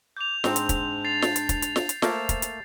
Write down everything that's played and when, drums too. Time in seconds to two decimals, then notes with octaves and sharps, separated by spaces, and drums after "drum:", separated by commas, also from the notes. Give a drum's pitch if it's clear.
0.17 D6 G6 F7
0.44 G#2 C4 D4, drum: snare
0.56 drum: hi-hat
0.69 drum: kick, hi-hat
1.05 A6 C7 F7
1.22 drum: snare
1.36 drum: hi-hat
1.49 drum: kick, hi-hat
1.62 drum: hi-hat
1.76 drum: snare
1.89 drum: hi-hat
2.02 A3 A#3 C5, drum: snare
2.29 drum: kick, hi-hat
2.42 drum: hi-hat